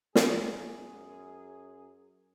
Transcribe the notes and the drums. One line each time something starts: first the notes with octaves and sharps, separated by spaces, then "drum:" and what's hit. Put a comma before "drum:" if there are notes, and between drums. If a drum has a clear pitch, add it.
F#2 G#4, drum: snare